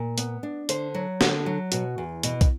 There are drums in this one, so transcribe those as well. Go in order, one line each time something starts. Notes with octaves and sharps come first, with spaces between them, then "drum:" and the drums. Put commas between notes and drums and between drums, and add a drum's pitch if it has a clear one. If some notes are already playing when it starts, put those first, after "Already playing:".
Already playing: A#2
B3, drum: hi-hat
D4
D3 C5, drum: hi-hat
F#3
D3, drum: snare
F#3
B2 F#4, drum: hi-hat
E2
B2, drum: hi-hat
drum: kick, hi-hat